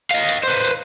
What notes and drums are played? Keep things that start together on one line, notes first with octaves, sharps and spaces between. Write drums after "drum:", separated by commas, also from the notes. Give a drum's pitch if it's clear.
D#5 F5, drum: hi-hat
drum: hi-hat
B4 C5
drum: hi-hat